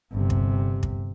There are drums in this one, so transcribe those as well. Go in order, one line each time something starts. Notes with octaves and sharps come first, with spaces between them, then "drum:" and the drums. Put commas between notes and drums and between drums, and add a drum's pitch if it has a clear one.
G1 C3
drum: kick
drum: kick